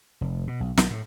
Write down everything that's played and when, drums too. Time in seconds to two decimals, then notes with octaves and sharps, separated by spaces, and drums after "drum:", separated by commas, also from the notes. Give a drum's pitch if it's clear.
0.21 F1
0.47 B2
0.60 B1
0.77 B1, drum: snare
0.91 A2